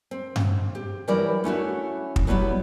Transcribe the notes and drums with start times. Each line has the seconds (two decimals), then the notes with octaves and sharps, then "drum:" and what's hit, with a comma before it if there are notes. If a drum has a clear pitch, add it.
0.11 C4
0.36 drum: tom G2
0.75 G4
1.08 E3 F#3 G3 E4 A#4 D5
1.44 A3 C#4 E4 F#4
2.16 drum: kick
2.27 F#3 G3 B3 E4 F#4